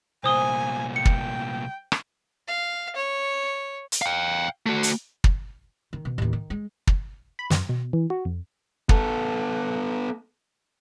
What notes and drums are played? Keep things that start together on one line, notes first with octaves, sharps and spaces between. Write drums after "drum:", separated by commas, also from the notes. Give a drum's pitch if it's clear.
C2 A#2 C5 G#5 D#6 G7
G5 C#7
drum: kick
drum: rim click
F5
C#5
drum: hi-hat
F5 G5
A3 F#4
drum: hi-hat
drum: kick
D#3
B2
A1 D#2
D#3
G#3
drum: kick
B5
F#2, drum: snare
B2
E3
F#4
F2
B3 A4, drum: kick